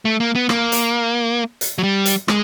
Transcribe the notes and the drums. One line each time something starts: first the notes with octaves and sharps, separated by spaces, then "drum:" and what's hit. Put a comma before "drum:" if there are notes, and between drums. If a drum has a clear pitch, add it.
A3
A#3
B3
A#3, drum: rim click
drum: hi-hat
drum: hi-hat
F#3
G3
drum: hi-hat
G#3, drum: rim click